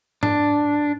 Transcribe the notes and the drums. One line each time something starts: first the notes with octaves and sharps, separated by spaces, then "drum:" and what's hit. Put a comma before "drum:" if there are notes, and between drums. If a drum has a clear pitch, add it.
D4, drum: tom G#2